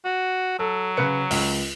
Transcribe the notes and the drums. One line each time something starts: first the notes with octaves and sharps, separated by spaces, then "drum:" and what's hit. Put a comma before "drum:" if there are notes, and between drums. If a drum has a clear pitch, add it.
F#4
F#3 A4
C#3 B4 C#7
C#2, drum: open hi-hat